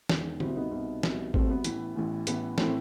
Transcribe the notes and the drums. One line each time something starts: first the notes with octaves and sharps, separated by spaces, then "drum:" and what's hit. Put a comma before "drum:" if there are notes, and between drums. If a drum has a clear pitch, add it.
E1 E2 D#3, drum: snare
C2 B2 C4 E4, drum: tom D3
B3 D#4
C2 B2
C2 B2, drum: snare
C2 B2 A3 C4, drum: kick G#1
B3
A1 A2 E3, drum: hi-hat
A1 A2 E3
A1 A2 E3 B3, drum: hi-hat
A2 E3 A3 C4, drum: snare